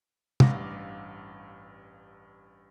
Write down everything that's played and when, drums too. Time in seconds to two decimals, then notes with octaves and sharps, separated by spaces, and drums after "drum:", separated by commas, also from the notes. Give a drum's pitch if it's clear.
0.40 A1 G2 F5 F#5 D6 A#6, drum: tom